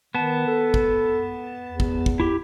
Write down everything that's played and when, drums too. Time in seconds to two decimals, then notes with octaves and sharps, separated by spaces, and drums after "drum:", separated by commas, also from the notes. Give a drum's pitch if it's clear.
0.15 D#3 B3 A5
0.47 A4
0.74 drum: kick
1.67 E2
1.80 drum: kick
2.06 drum: kick
2.20 E4 G4